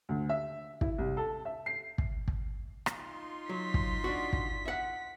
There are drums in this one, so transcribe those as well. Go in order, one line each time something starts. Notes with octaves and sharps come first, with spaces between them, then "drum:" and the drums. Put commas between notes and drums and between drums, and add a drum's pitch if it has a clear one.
D2
E5
E4, drum: kick
C2
A4
E5
C7
drum: kick
drum: kick
drum: rim click
D#4 F4 C6
F#3 B6
drum: kick
D4 F#4
drum: kick
E5 F#5